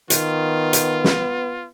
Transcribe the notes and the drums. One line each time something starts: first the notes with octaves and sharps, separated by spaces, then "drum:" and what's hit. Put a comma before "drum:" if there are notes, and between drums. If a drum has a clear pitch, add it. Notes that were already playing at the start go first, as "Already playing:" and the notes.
D#3 B3 F4, drum: hi-hat
drum: hi-hat
drum: snare